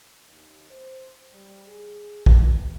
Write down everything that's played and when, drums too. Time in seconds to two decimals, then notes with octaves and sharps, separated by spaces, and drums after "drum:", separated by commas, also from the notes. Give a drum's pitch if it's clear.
0.28 D#2
0.70 C5
1.33 G3
1.67 G#4
2.26 B3, drum: kick A#1